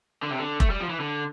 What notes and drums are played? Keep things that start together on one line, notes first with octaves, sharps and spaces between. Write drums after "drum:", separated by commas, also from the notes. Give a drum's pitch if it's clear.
D3
C3
D3
A3, drum: kick F1
G3
F3
E3
D3